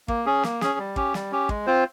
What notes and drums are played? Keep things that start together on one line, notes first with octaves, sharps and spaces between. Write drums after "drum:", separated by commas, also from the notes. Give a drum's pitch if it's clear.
A#3, drum: kick
C#4 G#4
A#3, drum: snare
C#4 G#4, drum: snare
G3
C#4 G4, drum: kick
G3, drum: snare
C#4 G4
G#3, drum: kick
C4 F4 C5